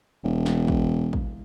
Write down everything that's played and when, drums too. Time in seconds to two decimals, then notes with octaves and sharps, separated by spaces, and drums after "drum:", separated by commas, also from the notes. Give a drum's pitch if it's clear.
0.24 E1
0.46 drum: snare
0.68 drum: kick
1.13 drum: kick